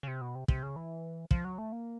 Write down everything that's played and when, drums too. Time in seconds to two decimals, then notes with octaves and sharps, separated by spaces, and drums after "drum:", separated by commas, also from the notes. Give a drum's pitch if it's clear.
0.03 C#3
0.08 C3
0.21 B2
0.35 C3
0.48 C3, drum: kick
0.63 C#3
0.76 E3
1.31 F3, drum: kick
1.44 F#3
1.58 A3
1.72 A#3